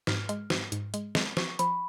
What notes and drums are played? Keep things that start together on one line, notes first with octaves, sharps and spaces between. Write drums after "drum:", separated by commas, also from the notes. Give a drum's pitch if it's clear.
G#2 F6, drum: snare
G#3, drum: hi-hat
G#2, drum: snare
G#2, drum: hi-hat
G#3, drum: hi-hat
G#3, drum: snare
F3 C#6, drum: snare
F3 B5, drum: hi-hat